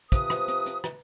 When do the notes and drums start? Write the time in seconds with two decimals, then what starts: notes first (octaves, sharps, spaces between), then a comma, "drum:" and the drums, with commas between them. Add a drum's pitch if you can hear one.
0.12 C3 F3 B4 D#6, drum: kick, hi-hat
0.30 drum: rim click
0.48 drum: hi-hat
0.66 drum: hi-hat
0.84 drum: rim click